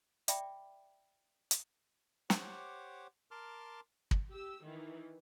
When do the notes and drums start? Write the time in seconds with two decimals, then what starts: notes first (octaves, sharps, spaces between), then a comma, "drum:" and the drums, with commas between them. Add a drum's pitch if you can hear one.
0.28 D5 E5 G5 B5 D6, drum: hi-hat
1.51 drum: hi-hat
2.30 G4 C5 C#5 F#5 D6, drum: snare
3.31 A#4 A5 C6 D6 F6
4.11 drum: kick
4.30 G4 E6
4.63 D#3 E3